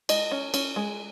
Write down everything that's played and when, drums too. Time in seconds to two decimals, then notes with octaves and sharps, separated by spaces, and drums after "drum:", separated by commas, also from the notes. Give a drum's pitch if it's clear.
0.09 G#3 D#5, drum: cymbal
0.31 C#4
0.54 C#4, drum: cymbal
0.76 G#3